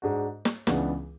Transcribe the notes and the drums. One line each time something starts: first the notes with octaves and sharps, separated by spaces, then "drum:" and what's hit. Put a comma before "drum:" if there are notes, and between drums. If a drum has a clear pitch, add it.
G#2 G#3 D4 F#4
drum: snare
C#2 C#3 E3 B3 D4, drum: snare